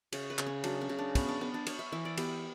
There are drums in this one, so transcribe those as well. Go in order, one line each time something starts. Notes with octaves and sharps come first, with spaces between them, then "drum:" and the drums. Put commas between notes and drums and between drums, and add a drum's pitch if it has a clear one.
C#3 C#5, drum: cymbal
B4
C#3, drum: clap
C#4
F#3 D4, drum: cymbal
C#4
C#3
D4
B3 C#4, drum: kick, cymbal
D4
B3
D4
B3 C#5, drum: cymbal
E5
E3 E5
D5
B3 G4, drum: cymbal